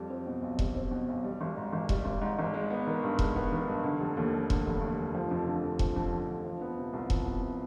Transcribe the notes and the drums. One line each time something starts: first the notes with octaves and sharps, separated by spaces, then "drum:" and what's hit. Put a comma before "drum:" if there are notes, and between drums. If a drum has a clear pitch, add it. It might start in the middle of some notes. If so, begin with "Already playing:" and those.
Already playing: F2 G3
C4
B2
B1
G3, drum: kick E1
C4
B2
B1
G3
G#1
G#2
G#1
G3, drum: kick E1
G#1
G#2
G#1
G#3
B3
D#3
G2
G#3, drum: kick E1
B3
D#3
G2
D3
F1
D#2
F1
D3, drum: kick E1
F1
D#2
F1
F3
F2
D3
F2
F3, drum: kick E1
F2
D3
F2
F3
B3
C3
C2
F3, drum: kick E1
B3
C3